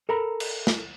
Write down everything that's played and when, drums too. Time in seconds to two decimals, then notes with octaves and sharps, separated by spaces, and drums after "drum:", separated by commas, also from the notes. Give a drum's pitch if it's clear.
0.09 A4 A#4 A#5 B5
0.40 drum: cymbal
0.67 drum: snare